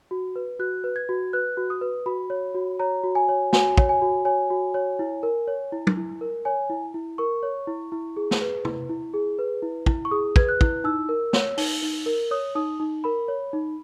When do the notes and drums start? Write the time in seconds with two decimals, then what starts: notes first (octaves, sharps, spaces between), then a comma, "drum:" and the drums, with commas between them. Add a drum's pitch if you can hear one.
0.11 F#4
0.36 B4
0.59 F#4 F#6
0.84 B4
0.96 G#6
1.09 F#4
1.33 B4 F#6
1.57 F#4
1.70 D#6
1.81 B4
2.06 F#4 B5
2.30 C#5
2.55 F#4
2.79 C#5 A#5
3.03 F#4
3.15 G#5
3.29 C#5
3.53 F#4 G#5, drum: snare
3.78 C#5, drum: kick
3.89 G#5
4.02 F#4
4.25 C#5 G#5
4.50 F#4
4.74 C#5
4.99 E4
5.23 A#4
5.48 C#5
5.72 E4
5.87 drum: tom
5.97 E4
6.21 A#4
6.45 C#5 G#5
6.70 E4
6.94 E4
7.18 A#4 C#6
7.43 C#5
7.67 E4
7.92 E4
8.17 G#4
8.31 drum: snare
8.41 B4
8.65 E4, drum: tom
8.89 E4
9.14 G#4
9.39 B4
9.62 E4
9.86 E4, drum: kick
10.05 C#6
10.11 G#4 D#6
10.36 B4 G#6, drum: kick
10.49 F#6
10.61 E4, drum: kick
10.84 D#4 E6
11.09 A#4
11.33 C#5, drum: snare
11.58 D#4, drum: open hi-hat
11.83 D#4
12.06 A#4
12.31 C#5 D#6
12.55 D#4 D#6
12.80 D#4
13.04 A#4 B5
13.28 C#5
13.53 D#4